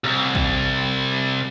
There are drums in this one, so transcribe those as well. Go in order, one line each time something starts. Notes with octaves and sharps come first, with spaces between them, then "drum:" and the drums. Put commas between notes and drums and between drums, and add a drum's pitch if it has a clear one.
C2
drum: kick